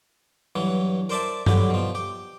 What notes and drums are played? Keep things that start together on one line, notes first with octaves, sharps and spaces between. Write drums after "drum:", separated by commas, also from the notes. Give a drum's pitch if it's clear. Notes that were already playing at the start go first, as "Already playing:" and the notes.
G2 E3 F#3
A#4 C5 D5 E5 A5
D3 F#3 G3 G4 B4, drum: tom G2
B2 F3
G4